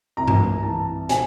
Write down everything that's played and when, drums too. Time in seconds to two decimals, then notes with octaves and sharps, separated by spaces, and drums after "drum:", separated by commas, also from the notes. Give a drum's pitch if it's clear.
0.17 C2 A#5
0.28 drum: tom G2
0.63 E3 A5
1.09 C3 G#5, drum: hi-hat